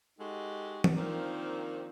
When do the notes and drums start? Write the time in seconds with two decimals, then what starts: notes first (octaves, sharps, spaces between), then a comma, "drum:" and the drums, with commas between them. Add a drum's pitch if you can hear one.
0.19 G#3 D#4 F#4 G4 A4
0.84 drum: tom E3
0.96 D#3 F3 A#3 C4 D4